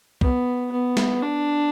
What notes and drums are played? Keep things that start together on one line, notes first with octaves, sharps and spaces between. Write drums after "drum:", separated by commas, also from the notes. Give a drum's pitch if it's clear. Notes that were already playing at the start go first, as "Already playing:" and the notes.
B3, drum: kick
B3
drum: snare
D4